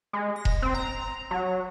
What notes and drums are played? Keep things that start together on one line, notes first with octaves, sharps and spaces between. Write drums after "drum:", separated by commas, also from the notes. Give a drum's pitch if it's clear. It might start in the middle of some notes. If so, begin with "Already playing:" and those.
G#3
A#6
drum: kick E1
C4
A#5
F#3